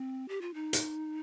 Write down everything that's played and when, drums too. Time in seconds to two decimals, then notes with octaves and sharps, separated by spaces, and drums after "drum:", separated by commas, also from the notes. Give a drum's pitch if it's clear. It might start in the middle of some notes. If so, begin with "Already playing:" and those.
Already playing: C4
0.29 G4
0.41 F4
0.54 D#4
0.73 drum: hi-hat